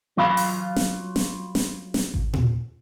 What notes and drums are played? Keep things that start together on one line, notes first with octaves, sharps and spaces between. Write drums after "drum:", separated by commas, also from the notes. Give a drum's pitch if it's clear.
F#3 F4 F5 B5
drum: open hi-hat
drum: snare
drum: snare
drum: snare
drum: snare
drum: kick G#1
drum: tom